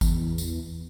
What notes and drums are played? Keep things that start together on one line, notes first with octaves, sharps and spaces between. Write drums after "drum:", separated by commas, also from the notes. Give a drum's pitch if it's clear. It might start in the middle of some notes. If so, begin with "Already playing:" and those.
E2, drum: kick, tambourine
drum: tambourine